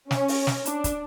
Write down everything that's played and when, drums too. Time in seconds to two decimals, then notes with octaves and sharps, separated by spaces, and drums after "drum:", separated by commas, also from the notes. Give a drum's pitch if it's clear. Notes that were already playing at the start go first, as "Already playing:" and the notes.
0.11 C#4, drum: snare
0.28 drum: open hi-hat
0.47 drum: snare
0.65 D4, drum: hi-hat
0.84 drum: kick, hi-hat